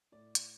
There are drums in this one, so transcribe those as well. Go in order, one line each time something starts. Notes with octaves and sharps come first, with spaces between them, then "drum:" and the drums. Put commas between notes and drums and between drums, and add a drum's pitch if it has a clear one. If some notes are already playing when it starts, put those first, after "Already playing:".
A2 D5
drum: hi-hat